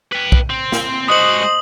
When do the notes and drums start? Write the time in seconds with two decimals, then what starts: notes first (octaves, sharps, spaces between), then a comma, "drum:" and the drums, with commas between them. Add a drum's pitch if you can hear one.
0.12 B4 G5
0.32 drum: kick
0.50 C4
0.72 drum: snare
1.08 G#3 F#4 C5 D#5 D#6 F#7